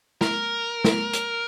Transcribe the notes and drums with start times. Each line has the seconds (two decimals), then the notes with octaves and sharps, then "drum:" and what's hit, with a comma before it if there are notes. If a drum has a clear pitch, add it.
0.21 A#4, drum: snare
0.84 drum: snare
1.13 drum: hi-hat